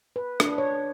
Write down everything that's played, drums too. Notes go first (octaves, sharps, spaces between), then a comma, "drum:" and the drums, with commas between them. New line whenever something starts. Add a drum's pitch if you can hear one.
B4
D4, drum: rim click
C#5